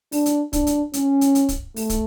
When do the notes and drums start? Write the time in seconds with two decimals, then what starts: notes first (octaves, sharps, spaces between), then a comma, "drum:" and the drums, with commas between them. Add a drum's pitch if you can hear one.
0.12 D4, drum: open hi-hat
0.26 drum: hi-hat
0.53 D4, drum: kick, hi-hat
0.67 drum: hi-hat
0.93 C#4, drum: hi-hat
1.21 drum: hi-hat
1.35 drum: hi-hat
1.49 drum: kick, hi-hat
1.76 A3, drum: open hi-hat
1.90 drum: kick, hi-hat